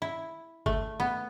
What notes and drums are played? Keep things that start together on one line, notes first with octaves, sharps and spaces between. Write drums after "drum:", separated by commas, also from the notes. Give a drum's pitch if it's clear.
E4
A3, drum: kick G1
B3